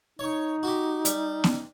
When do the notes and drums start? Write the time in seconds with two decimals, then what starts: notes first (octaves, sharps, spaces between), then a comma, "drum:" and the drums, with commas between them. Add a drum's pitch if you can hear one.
0.19 D#4 C#5 C#6
0.63 F#4 G4
1.05 G3, drum: hi-hat
1.44 drum: snare B3